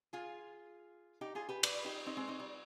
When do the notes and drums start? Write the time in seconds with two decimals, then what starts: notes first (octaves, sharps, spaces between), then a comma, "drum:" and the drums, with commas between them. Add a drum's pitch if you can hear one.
0.13 F4 G#4
1.21 D#4 G4
1.35 F4 G#4
1.49 G4 B4
1.63 B4 D5, drum: cymbal
1.85 D#4 G4
2.06 C4 D#4
2.17 G#3 C4
2.28 C4 D#4
2.39 G3